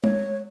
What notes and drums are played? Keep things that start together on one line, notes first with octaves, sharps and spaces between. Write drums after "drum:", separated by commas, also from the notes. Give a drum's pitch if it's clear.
C#5, drum: tom G#3